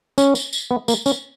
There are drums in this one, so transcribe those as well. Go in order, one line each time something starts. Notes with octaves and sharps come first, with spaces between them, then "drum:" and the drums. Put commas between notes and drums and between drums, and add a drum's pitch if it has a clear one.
C#4, drum: tambourine
drum: tambourine
drum: tambourine
B3
A#3, drum: tambourine
C#4, drum: tambourine